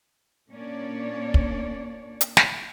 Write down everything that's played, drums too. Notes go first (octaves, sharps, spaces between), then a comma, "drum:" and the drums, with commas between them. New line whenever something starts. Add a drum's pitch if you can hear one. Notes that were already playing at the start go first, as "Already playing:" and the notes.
A#2 A#3 C#4 D4 C#5 D5
drum: kick
drum: hi-hat
drum: snare